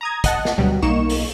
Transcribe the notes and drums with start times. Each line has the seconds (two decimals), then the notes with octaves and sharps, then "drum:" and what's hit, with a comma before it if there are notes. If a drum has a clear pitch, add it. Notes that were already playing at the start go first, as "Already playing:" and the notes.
0.01 A#5 D#6 G#6
0.24 D#5 F#5 A5, drum: kick, hi-hat
0.45 drum: snare
0.58 D2 B2 F#3 G3
0.82 B1 A#3 D#4 C#6 E7
1.10 drum: open hi-hat